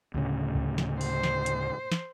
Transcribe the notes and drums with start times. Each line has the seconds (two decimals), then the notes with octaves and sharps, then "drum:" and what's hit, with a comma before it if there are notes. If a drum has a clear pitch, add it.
0.14 D2 A2 C#3
0.55 drum: kick
0.78 drum: snare
1.01 C5, drum: open hi-hat
1.23 drum: snare
1.46 drum: hi-hat
1.92 drum: snare